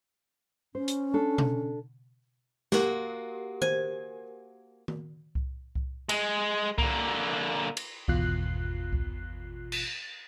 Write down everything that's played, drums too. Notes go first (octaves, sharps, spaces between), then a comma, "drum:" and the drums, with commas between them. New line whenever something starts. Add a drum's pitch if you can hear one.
C#4 C5
drum: hi-hat
D4 A4
drum: tom B2
A#3 F#4 G4 A#4, drum: snare
C5 G#5, drum: tom D#3
drum: tom D#3
drum: kick C2
drum: kick C2
G#3, drum: cymbal
D3 A#3, drum: kick C2
drum: cymbal
G#1 E2 B2 F4 F#6 C7, drum: kick C2
drum: kick C2
drum: cymbal